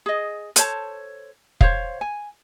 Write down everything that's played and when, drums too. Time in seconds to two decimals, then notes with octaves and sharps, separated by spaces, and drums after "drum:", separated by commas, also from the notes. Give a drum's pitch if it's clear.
0.06 G#4 D#5
0.56 A4 C5 C#5 A5, drum: hi-hat
1.61 C5 C#5 F5, drum: kick
2.01 G#5